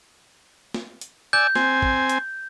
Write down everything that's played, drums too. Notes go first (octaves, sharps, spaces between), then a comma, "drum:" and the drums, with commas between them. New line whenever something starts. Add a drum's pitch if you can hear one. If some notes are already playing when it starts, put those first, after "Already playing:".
drum: snare
drum: hi-hat
D5 G#5 E6 G6
C4 G#5, drum: snare
drum: kick
drum: hi-hat